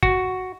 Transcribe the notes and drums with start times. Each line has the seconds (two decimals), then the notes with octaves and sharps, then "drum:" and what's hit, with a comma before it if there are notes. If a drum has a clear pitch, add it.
0.03 F#4, drum: kick